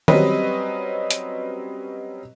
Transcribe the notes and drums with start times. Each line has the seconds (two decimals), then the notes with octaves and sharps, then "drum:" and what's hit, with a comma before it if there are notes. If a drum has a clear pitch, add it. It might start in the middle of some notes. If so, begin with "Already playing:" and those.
0.08 F#3 G3 C4 C#4 B4 D#5, drum: tom D#3
1.11 drum: hi-hat